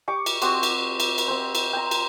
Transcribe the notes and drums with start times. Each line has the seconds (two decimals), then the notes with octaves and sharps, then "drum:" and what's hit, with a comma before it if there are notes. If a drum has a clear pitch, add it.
0.08 G4 C#6 D6
0.26 drum: cymbal
0.42 C4 F#4 G4 C6, drum: cymbal
0.63 drum: cymbal
1.00 drum: cymbal
1.18 drum: cymbal
1.28 C4 C5
1.55 drum: cymbal
1.73 G5 A#5
1.91 drum: cymbal